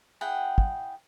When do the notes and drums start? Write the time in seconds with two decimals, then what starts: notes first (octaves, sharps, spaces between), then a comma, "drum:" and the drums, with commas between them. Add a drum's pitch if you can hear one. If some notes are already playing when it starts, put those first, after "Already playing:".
0.21 E4 G#4 F#5 G5
0.58 drum: kick